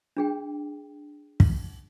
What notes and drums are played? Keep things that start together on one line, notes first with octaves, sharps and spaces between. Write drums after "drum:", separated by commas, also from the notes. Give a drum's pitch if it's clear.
D4 G#4 G5
drum: kick